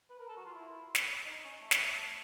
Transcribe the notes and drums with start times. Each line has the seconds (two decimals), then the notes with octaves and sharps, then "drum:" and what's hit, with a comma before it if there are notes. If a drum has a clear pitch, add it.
0.10 B4
0.19 A#4
0.28 A4
0.37 F#4
0.46 F4
0.54 E4
0.95 drum: snare
1.26 D#4
1.44 C#4
1.61 A3
1.71 drum: snare